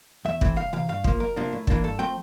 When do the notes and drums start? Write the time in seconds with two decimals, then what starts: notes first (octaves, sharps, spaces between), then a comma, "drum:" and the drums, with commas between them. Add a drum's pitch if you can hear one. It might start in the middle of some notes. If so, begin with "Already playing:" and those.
0.25 E2 E5
0.41 E3 A3 C4, drum: kick
0.56 C2 F5
0.73 C3 E3 F5
0.89 G2 F5
1.04 F3 A#3, drum: kick
1.20 F2 A#4
1.36 C3 F3 A#3 D4
1.53 A2
1.67 E3 A#3 D4, drum: kick
1.84 G2 A4
1.99 F3 A3 C4 G5